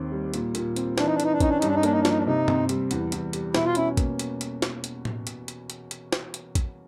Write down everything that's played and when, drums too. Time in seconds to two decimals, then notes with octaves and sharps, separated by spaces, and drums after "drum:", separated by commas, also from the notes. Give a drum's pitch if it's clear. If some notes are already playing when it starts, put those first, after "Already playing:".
Already playing: D#2 C4
0.12 G3
0.34 A#2, drum: hi-hat
0.55 A#2, drum: hi-hat
0.76 C4, drum: hi-hat
0.98 E3 D4, drum: snare
1.06 D#4
1.14 D4
1.20 E3 D#4, drum: hi-hat
1.32 D4
1.40 C#4 D#4, drum: kick, hi-hat
1.49 D4
1.58 D#4
1.62 G2 D4, drum: hi-hat
1.75 D#4
1.83 A#3 D4, drum: hi-hat
1.92 D#4
2.01 D4
2.05 F3 D#4, drum: snare
2.18 D4
2.26 C3 D#4
2.48 C4, drum: tom
2.69 G3, drum: hi-hat
2.91 E2, drum: hi-hat
3.12 E2, drum: hi-hat
3.33 G3, drum: hi-hat
3.55 B2 E4, drum: snare
3.65 F4
3.75 C#4 E4, drum: hi-hat
3.97 A#3, drum: kick, hi-hat
4.19 drum: hi-hat
4.41 drum: hi-hat
4.62 drum: snare
4.84 drum: hi-hat
5.05 drum: tom A2
5.27 drum: hi-hat
5.48 drum: hi-hat
5.70 drum: hi-hat
5.91 drum: hi-hat
6.13 drum: snare
6.34 drum: hi-hat
6.55 drum: kick, hi-hat